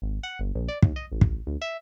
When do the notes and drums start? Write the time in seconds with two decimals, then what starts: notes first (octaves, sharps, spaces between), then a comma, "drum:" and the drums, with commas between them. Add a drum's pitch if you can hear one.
0.02 G#1
0.23 F#5
0.39 G1
0.55 A#1
0.68 D5
0.82 D#2, drum: kick
0.96 D#5
1.12 A1
1.21 drum: kick
1.47 D2
1.62 E5